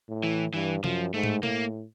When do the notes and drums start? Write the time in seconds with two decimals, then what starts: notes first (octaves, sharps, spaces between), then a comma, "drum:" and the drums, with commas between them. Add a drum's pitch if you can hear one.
0.09 A2
0.23 E3
0.54 G2 E3
0.84 F#2 F3, drum: tom C3
1.13 G#2 A3
1.24 drum: tom
1.43 A2 A#3, drum: tom B2